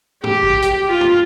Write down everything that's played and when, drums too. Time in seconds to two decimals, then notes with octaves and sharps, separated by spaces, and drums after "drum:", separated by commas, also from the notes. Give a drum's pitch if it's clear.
0.24 G4, drum: tom
0.43 drum: kick
0.62 drum: hi-hat
0.88 F4
1.01 drum: tom